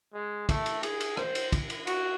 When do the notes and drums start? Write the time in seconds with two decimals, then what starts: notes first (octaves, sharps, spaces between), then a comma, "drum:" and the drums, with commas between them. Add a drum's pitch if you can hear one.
0.14 G#3
0.49 A3, drum: kick, cymbal
0.66 drum: cymbal
0.83 G#4, drum: cymbal
1.01 drum: cymbal
1.17 C5, drum: rim click
1.35 drum: cymbal
1.52 drum: kick, cymbal
1.70 drum: cymbal
1.87 F#4, drum: cymbal